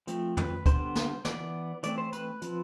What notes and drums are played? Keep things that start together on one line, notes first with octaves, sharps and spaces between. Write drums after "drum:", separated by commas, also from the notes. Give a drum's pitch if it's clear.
F3 A3 C4, drum: hi-hat
B4, drum: tom
D3 G3 B3 C5, drum: kick, hi-hat
drum: snare
E3 B3 D5, drum: snare
E3 A3 C4 D5, drum: hi-hat
C5
B4, drum: hi-hat
F3 C4, drum: hi-hat